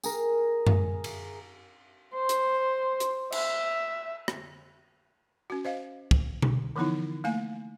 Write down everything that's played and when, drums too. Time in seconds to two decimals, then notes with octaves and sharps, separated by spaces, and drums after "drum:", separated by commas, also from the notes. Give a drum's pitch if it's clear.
0.04 G#4 A#4, drum: tambourine
0.67 drum: tom F#2
1.04 drum: cymbal
2.14 C5
2.29 drum: hi-hat
3.00 drum: hi-hat
3.32 E5, drum: cymbal
4.28 drum: rim click
5.50 C#4 F#4
5.65 C5 D#5 F5
6.11 drum: kick
6.42 drum: tom B2
6.76 D3 E3 F3 B3 D#4 E4
7.24 A3 A#3 F5 G#5